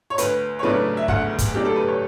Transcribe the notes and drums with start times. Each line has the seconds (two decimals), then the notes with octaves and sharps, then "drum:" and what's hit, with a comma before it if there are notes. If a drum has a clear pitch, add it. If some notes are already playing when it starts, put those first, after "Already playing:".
0.10 C#5
0.18 D2 B4, drum: hi-hat
0.59 C#5
0.63 C#3 F#3 A3 D4 B4
0.97 E5
1.08 D2 F#5, drum: kick
1.39 drum: kick, hi-hat
1.54 C#3 F#3 A3 D4 G4
1.65 A4
1.76 B4
1.88 C#5